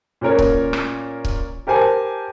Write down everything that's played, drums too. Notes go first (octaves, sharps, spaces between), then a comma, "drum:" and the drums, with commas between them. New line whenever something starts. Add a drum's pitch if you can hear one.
A#2 C#4 A#4 C#5
drum: kick C#1
drum: rim click
drum: kick C#1
G4 A#4 C5 G#5 A5 D6